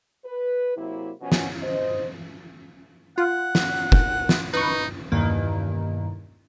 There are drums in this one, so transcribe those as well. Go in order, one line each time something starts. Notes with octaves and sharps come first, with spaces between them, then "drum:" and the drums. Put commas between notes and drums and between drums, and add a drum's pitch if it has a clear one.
B4
C3 F#3 A#3 E4
B2 F3 C#4 F#4
drum: snare
C5 D#5
F4 F#5
drum: snare
drum: kick
drum: snare
D#4 B4 C#6
E2 G2 B2 D#3 A#3